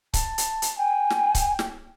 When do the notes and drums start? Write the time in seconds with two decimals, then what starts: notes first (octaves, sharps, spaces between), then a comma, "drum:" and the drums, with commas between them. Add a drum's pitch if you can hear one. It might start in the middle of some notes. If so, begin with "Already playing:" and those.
0.14 A5, drum: kick C#1, hi-hat
0.38 drum: hi-hat
0.62 drum: hi-hat
0.78 G5 G#5
1.10 drum: snare
1.35 drum: kick C#1, hi-hat
1.59 drum: snare